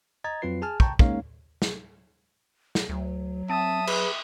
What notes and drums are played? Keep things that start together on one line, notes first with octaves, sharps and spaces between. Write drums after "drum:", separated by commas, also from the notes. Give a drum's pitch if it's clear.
D#5 A#5 G#6 A6
F2 F#3 C4 F4 B4 C7
G#4 G#5 A5 F6
G5 A5 A#5 C#6 G6, drum: kick
G#3 A#3 C#4 D#4 C#5 F5, drum: kick
drum: snare
drum: snare
D2 F#3
C4 E5 A5 D#6
G#4 B4, drum: cymbal